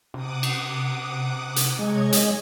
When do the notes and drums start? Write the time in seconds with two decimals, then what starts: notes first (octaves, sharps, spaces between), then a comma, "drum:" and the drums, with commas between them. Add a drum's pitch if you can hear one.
0.14 C3 F#5 D6 D#6
0.43 drum: cymbal
1.56 drum: hi-hat
1.79 G#3 C#5 D#5 G#6
2.13 drum: hi-hat